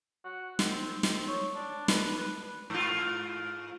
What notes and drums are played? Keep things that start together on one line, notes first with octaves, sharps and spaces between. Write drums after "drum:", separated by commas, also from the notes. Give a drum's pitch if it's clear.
F#4
C4, drum: snare
C4, drum: snare
C#5
D4
B4, drum: snare
B4
G#2 F4